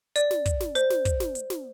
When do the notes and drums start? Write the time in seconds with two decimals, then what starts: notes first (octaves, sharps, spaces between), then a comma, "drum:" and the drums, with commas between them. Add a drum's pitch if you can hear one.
0.16 D5, drum: hi-hat
0.31 drum: snare
0.46 drum: kick, hi-hat
0.60 drum: snare
0.75 C5, drum: hi-hat
0.90 drum: snare
1.05 drum: kick, hi-hat
1.20 drum: snare
1.35 drum: hi-hat
1.50 drum: snare